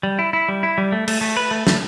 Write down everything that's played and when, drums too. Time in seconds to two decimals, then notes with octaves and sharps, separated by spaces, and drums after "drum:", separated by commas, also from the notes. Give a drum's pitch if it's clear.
0.03 G3
0.19 E4
0.33 E4
0.48 G3
0.63 E4
0.78 G3
0.92 A3
1.08 A3, drum: cymbal
1.21 A3
1.37 B4
1.51 A3
1.67 A3, drum: snare